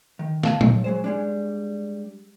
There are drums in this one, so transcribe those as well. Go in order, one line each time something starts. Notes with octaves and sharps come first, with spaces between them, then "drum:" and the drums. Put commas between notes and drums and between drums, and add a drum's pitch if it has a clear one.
D#3
F5 A5, drum: snare
F#3, drum: tom A#2
F#3 G#3 C5
G3 G#3 D4